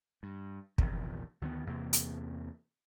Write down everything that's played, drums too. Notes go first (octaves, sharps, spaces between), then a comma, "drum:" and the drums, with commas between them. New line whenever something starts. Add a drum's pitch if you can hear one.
G2
A#1 E2 C3 D#3, drum: kick
D2 D#3 G3 B3
E2 C3 A#3
drum: hi-hat